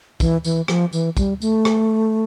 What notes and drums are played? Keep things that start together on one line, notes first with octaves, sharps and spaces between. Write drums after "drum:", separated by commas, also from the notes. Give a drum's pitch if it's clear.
E3, drum: kick, tambourine
E3, drum: tambourine
F3, drum: rim click
E3, drum: tambourine
G3, drum: kick, tambourine
A3, drum: tambourine
drum: rim click